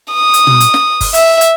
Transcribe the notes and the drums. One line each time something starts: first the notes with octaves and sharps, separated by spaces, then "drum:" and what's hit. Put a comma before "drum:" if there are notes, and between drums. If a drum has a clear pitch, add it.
D#6
drum: hi-hat
drum: tom
drum: hi-hat
drum: snare
drum: kick F#1, open hi-hat
E5, drum: hi-hat
drum: hi-hat